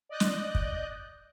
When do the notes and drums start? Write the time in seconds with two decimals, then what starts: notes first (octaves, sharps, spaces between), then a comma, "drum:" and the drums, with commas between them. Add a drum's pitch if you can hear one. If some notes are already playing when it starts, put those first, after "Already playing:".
0.09 D5 D#5 F#6 G6
0.20 drum: snare
0.55 drum: kick